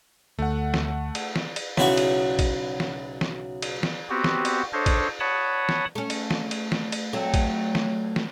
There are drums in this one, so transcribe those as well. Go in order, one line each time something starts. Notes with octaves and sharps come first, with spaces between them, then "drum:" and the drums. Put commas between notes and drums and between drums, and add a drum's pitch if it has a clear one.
D2 A3 F#5
drum: snare
drum: cymbal
drum: snare
drum: cymbal
B1 C#3 E4 F#4 F#5 C#6, drum: snare
drum: cymbal
drum: kick, cymbal
drum: snare
drum: snare
drum: cymbal
drum: snare
B3 C4 F#4 G4
drum: snare
drum: cymbal
D4 A4 C5 C#5 D#5
drum: kick, cymbal
C#5 F#5 A5 B5 D#6
drum: snare
A3 C#4
drum: cymbal
drum: snare
drum: cymbal
drum: snare
drum: cymbal
F#3 A3 C4
drum: kick, cymbal
drum: snare
drum: snare